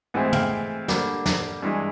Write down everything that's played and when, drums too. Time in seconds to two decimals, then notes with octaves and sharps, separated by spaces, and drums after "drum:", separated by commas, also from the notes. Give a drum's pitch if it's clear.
0.14 A2 E3 G#3 C4 E4 F#5 G#5
0.33 F5 G5, drum: tom
0.88 D3 G3 A#3 D4, drum: snare
1.26 drum: snare
1.62 G2 E3 G#3